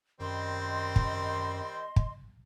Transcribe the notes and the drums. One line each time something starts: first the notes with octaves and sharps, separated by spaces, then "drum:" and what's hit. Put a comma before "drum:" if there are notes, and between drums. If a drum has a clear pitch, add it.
F#2 D#3 G3 C4 D#5 C6
drum: kick
drum: kick